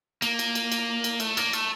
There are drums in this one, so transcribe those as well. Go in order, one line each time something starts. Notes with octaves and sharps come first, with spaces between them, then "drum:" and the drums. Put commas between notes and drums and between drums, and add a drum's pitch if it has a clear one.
A#3, drum: cymbal
drum: cymbal
drum: cymbal
drum: cymbal
drum: cymbal
A3, drum: cymbal
A#3, drum: cymbal
A3, drum: cymbal